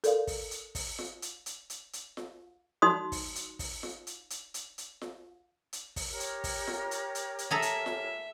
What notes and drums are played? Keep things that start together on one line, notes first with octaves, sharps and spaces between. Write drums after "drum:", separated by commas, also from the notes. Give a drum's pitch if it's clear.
A4 A#4 D5 F5, drum: hi-hat
drum: kick, open hi-hat
drum: hi-hat
drum: kick, open hi-hat
drum: snare F4
drum: hi-hat
drum: hi-hat
drum: hi-hat
drum: hi-hat
drum: snare F4
D#4 F#4 C6 D#6
drum: kick, open hi-hat
drum: hi-hat
drum: kick, open hi-hat
drum: snare F4
drum: hi-hat
drum: hi-hat
drum: hi-hat
drum: hi-hat
drum: snare F4
drum: hi-hat
drum: kick, open hi-hat
G4 A#4 C#5
drum: hi-hat
drum: kick, open hi-hat
drum: snare F4
drum: hi-hat
drum: hi-hat
drum: hi-hat
G#4 A4 E5 A#5
drum: hi-hat
drum: snare F4